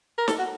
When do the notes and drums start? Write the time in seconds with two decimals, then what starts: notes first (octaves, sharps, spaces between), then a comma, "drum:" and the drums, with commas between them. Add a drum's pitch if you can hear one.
0.18 A#4
0.28 A4, drum: snare
0.39 F#4